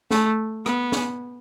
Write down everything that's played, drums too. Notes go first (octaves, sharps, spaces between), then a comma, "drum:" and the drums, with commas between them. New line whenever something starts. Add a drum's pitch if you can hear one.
A3, drum: snare
B3, drum: rim click
drum: snare